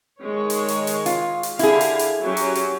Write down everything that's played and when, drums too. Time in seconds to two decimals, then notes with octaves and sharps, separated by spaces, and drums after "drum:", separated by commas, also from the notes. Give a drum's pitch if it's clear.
0.23 D#3 G#3 C#5
0.50 drum: hi-hat
0.68 drum: hi-hat
0.87 drum: hi-hat
1.06 F4, drum: hi-hat
1.43 drum: hi-hat
1.59 D3 E4 G4 G#4 F5, drum: hi-hat
1.81 drum: hi-hat
1.99 drum: hi-hat
2.22 F#3 C#4 G4
2.37 drum: hi-hat
2.55 drum: hi-hat